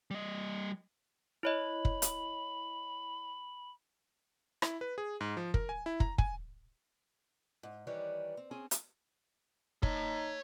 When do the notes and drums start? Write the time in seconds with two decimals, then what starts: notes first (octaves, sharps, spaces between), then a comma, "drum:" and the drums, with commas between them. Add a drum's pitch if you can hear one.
0.11 G3 D#5
1.43 E4 C#5 D#5 B5
1.85 drum: kick
2.02 drum: hi-hat
4.62 E4, drum: rim click
4.81 B4
4.98 G#4
5.21 G#2
5.37 F3
5.54 A#4, drum: kick
5.69 G#5
5.86 E4
6.00 A#5, drum: kick
6.18 G#5, drum: kick
7.63 G#2
7.87 D#3 E3 G3 B4 C#5 D5
8.37 C4
8.51 C4 C#4 G#4
8.71 drum: hi-hat
9.83 D#4 C#5 A5, drum: kick